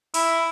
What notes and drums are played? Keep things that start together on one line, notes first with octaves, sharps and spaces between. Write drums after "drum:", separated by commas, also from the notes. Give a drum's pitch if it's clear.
E4, drum: open hi-hat